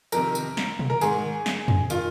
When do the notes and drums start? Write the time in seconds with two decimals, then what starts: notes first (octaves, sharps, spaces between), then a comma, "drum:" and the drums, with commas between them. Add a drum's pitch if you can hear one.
0.12 F2 C3 D#3 A#4, drum: tambourine
0.35 drum: tambourine
0.57 drum: snare
0.79 drum: tom B2
0.90 A#4
1.01 G#2 D#3 G#4, drum: tambourine
1.46 drum: snare
1.68 drum: tom F2
1.90 D#3 F4, drum: tambourine